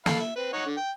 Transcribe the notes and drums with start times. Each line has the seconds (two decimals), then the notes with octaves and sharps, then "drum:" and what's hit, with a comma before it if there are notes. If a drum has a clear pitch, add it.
0.06 A4 F5 B5, drum: snare
0.20 E5
0.36 C4 B4
0.53 D#4 C#5 F#5
0.65 D3
0.77 G5